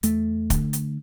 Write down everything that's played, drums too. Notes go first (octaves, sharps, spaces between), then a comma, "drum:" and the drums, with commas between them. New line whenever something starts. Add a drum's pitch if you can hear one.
E2 A3, drum: hi-hat
D3, drum: kick, hi-hat
drum: hi-hat